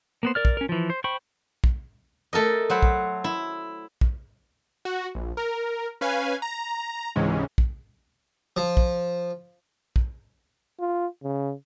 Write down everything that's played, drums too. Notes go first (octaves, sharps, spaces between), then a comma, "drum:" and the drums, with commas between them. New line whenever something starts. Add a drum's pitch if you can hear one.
A#3 B3 C5
A#4 D5 F6
drum: kick
C#4 A#4
E3 F3
C5
C5 G5 B5 C#6
drum: kick
A3 A4 A#4 D#5
F#3 C5 F#5 B5
drum: kick
E4
drum: kick
F#4
A#1
A#4
C#4 B4 F5 G#5
A#5
C#2 G#2 C3 E3 G#3 C#4
drum: kick
F3
drum: kick
drum: kick
F4
C#3